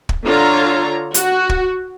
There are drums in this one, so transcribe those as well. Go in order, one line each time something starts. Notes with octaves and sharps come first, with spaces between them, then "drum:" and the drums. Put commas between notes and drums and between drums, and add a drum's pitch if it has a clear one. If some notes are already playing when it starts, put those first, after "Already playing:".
drum: kick
D3 F4 C#5 A#5
F#4, drum: hi-hat
drum: kick